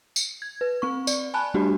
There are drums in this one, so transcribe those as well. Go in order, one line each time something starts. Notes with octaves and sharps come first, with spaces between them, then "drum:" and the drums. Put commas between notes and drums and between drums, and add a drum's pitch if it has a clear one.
drum: tambourine
G#6
B4
C4 C#6
D5, drum: tambourine
G#5 A5 B5 F#6
G3 A3 D4 F#4 G4